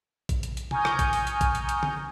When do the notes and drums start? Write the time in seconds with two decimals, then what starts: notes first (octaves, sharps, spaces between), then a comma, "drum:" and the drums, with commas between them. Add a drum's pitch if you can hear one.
0.29 drum: kick, hi-hat
0.43 drum: hi-hat
0.57 drum: hi-hat
0.71 G#5 A#5 C#6 D#6 F6 G6, drum: tom
0.85 drum: rim click
0.99 drum: kick, hi-hat
1.13 drum: open hi-hat
1.27 drum: hi-hat
1.41 drum: kick, hi-hat
1.55 drum: hi-hat
1.69 drum: hi-hat
1.83 drum: tom D3